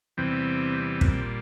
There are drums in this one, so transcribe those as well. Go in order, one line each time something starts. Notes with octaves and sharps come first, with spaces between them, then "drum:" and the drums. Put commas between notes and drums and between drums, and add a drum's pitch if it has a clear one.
E2 C3 E3 G3 C4
A#2 G3 C4, drum: kick